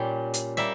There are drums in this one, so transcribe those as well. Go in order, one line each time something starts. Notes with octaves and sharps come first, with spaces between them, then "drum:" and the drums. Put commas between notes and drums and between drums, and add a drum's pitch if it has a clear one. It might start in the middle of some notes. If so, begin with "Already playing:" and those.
Already playing: A#2 G3 C#4 G5
drum: hi-hat
G3 A#3 E5